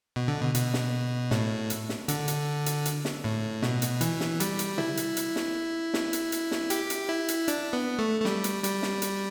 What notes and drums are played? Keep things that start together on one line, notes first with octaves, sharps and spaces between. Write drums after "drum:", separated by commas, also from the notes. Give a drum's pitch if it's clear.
B2
D3
B2
B2, drum: hi-hat
drum: snare
A2, drum: snare
drum: hi-hat
drum: snare
D3, drum: hi-hat
drum: hi-hat
drum: hi-hat
drum: hi-hat
drum: snare
A2
B2, drum: snare
drum: hi-hat
E3, drum: hi-hat
drum: snare
G3, drum: hi-hat
drum: hi-hat
E4, drum: tom
drum: hi-hat
drum: hi-hat
drum: snare
drum: snare
drum: hi-hat
drum: hi-hat
drum: snare
G4, drum: hi-hat
drum: hi-hat
E4
drum: hi-hat
D4, drum: hi-hat
B3
A3
A3
G3, drum: snare
drum: hi-hat
G3, drum: hi-hat
drum: snare
drum: hi-hat